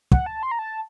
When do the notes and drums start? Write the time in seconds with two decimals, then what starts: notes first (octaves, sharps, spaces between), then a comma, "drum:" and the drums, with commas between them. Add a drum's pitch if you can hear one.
0.12 F#5, drum: kick
0.26 A5
0.43 C6
0.51 A#5
0.59 A5